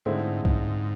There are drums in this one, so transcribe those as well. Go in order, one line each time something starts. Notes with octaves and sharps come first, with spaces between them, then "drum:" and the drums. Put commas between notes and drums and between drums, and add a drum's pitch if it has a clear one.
G#2 D3 G#3 C4 E4
G#2, drum: kick B1